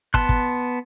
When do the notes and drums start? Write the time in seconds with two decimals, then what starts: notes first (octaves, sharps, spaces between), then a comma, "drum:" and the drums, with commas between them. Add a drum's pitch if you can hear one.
0.14 B3 A5 C6 F#6, drum: kick
0.29 drum: kick